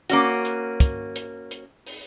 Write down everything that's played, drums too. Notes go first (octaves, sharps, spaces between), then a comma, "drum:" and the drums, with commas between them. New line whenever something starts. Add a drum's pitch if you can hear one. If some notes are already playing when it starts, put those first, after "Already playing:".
A#3 C#4 F#4, drum: hi-hat
drum: hi-hat
drum: kick, hi-hat
drum: hi-hat
drum: hi-hat
drum: open hi-hat